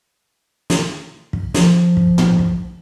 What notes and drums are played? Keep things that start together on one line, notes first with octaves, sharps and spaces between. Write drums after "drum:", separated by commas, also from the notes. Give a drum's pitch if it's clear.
drum: snare
drum: kick
F3, drum: snare
drum: kick
drum: tom
drum: kick